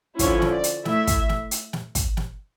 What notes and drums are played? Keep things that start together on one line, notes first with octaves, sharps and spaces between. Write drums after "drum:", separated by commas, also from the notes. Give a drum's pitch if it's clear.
D3 F3 C#4 E4 C#5, drum: kick, hi-hat
drum: snare
D5
drum: hi-hat
A3 E4 E5, drum: snare
drum: kick, hi-hat
drum: snare
drum: hi-hat
drum: snare
drum: kick, hi-hat
drum: snare